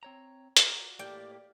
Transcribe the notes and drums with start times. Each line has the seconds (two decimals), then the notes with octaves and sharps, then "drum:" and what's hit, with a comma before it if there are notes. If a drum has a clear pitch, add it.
0.03 C4 C#5 A#5
0.57 F4 F#4 D5 A#5, drum: hi-hat
0.99 A2 A#3 G4 D5 G5